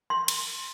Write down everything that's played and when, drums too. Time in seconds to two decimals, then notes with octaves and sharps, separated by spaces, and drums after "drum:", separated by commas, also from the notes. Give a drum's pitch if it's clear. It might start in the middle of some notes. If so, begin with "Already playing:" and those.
0.10 C6
0.28 drum: cymbal